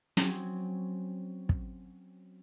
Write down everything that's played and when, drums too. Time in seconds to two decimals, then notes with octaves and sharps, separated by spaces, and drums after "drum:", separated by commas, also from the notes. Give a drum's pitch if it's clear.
0.17 F#3 C4 C#4, drum: snare
1.49 drum: kick